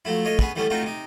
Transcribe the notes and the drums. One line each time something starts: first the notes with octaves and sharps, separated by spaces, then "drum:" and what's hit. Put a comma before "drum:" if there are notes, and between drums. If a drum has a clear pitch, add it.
F3 F#3 A3 E4
A3 F4 C#5 D#5
B3 C#4 G#4 B4, drum: kick
E3 G3 A3 B3 C#4
A3 C4 D#4 F4 F#4
C3 D#4